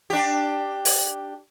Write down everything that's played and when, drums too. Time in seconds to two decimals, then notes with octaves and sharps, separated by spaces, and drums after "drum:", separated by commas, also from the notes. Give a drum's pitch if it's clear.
0.10 D4 G4
0.85 drum: open hi-hat